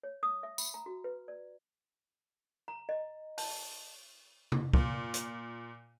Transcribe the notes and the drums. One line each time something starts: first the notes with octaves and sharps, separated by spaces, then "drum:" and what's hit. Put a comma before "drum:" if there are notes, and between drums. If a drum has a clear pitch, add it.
C#5
D#6
E5
B5, drum: tambourine
A#5
F#4
B4
D5
A#5
D#5
A5, drum: open hi-hat
drum: tom C3
A#2, drum: kick
drum: hi-hat